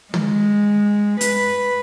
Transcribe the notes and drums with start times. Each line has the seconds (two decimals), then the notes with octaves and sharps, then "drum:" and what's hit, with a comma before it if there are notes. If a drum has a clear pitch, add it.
0.14 G#3, drum: tom
1.21 B4, drum: hi-hat